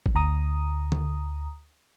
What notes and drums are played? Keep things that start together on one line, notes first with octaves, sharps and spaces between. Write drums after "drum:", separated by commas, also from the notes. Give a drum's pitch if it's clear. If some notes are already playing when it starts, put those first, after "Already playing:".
drum: kick
D2 A#5 D#6
drum: tom D3